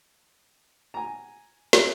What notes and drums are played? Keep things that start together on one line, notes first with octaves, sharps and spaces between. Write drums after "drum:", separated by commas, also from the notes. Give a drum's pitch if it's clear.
G#5 A#5
drum: snare